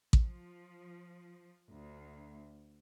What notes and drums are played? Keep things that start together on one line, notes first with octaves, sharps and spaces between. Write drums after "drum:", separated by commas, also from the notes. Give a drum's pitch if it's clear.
F3, drum: kick A1
D2